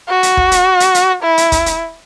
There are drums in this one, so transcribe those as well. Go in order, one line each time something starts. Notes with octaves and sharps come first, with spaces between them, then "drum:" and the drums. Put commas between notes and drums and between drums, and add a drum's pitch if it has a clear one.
F#4
drum: hi-hat
drum: kick
drum: hi-hat
drum: hi-hat
drum: hi-hat
E4
drum: hi-hat
drum: kick, hi-hat
drum: hi-hat